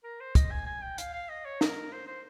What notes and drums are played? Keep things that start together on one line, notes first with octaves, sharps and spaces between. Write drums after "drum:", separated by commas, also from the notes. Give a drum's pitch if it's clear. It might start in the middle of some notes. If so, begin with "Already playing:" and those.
A#4
C5
D#5, drum: kick, hi-hat
G#5
G#5
G5
F5, drum: hi-hat
F5
D#5
C#5
A#4, drum: snare
C5
C5